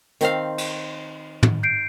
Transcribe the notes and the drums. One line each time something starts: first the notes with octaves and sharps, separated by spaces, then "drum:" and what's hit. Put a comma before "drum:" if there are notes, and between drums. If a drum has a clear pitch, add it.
D#3 C4 F5, drum: hi-hat
drum: cymbal
drum: tom
G6 C7 D7